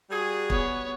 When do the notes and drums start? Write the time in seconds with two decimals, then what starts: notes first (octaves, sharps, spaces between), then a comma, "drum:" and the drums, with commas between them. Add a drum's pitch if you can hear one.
0.10 G3 F#4 G#4
0.50 B3 C#5, drum: kick